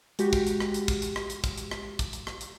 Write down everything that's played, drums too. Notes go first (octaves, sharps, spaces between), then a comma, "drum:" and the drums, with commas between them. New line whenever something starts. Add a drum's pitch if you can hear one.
G#3 F#4 G4, drum: hi-hat
drum: kick, hi-hat
drum: hi-hat
drum: rim click
drum: hi-hat
drum: kick, hi-hat
drum: hi-hat
drum: rim click
drum: hi-hat
drum: kick, hi-hat
drum: hi-hat
drum: rim click
drum: kick, hi-hat
drum: hi-hat
drum: rim click
drum: hi-hat